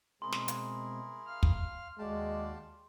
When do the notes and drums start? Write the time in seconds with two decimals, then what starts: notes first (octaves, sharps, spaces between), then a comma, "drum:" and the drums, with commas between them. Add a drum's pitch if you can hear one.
0.22 B2 G#3 C4 E4 G#4 A#4 C6
0.32 drum: snare
0.48 drum: hi-hat
1.26 F5 F6
1.43 drum: kick
1.99 D#2 G#3 F#4 G4 D5 F5 A5